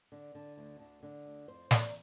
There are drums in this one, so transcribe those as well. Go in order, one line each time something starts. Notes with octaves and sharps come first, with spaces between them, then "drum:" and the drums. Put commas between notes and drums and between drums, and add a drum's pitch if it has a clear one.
D3
D3
D2
D3
D3
D2
F2 C5
C3 D5, drum: snare